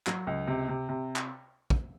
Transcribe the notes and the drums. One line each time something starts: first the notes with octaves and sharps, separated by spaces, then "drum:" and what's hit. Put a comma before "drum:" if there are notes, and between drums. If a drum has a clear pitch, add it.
F#3, drum: clap
C#2
C3
C3
C3
drum: clap
drum: kick